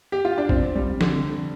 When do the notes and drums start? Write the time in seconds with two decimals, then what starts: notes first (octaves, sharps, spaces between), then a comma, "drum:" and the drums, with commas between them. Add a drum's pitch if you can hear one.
0.12 G4
0.25 F4
0.38 D4
0.49 C4, drum: kick A1
0.75 G3
1.01 D3, drum: snare